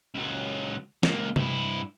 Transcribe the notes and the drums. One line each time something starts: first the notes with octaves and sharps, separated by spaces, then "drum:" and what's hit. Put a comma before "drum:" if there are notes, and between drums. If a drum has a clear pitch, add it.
C#2 F#3
C#2 A#3, drum: snare
G2 E4, drum: tom C3